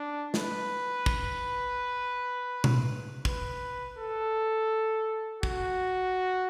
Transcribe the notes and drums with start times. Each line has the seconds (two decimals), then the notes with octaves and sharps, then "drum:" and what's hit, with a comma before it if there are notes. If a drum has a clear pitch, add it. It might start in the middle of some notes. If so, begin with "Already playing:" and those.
Already playing: D4
0.34 B4, drum: snare
1.06 drum: kick
2.64 drum: tom B2
3.25 B4, drum: kick
3.99 A4
5.43 F#4, drum: kick